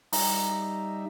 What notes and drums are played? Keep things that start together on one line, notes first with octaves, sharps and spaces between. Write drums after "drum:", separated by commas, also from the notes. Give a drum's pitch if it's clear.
G3 D#4 E5 A#5, drum: open hi-hat